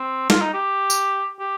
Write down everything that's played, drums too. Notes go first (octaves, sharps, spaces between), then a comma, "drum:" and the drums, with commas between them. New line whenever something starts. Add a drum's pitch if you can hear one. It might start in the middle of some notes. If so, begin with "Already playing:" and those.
Already playing: C4
F4, drum: snare
D#4
G4
drum: tambourine
G4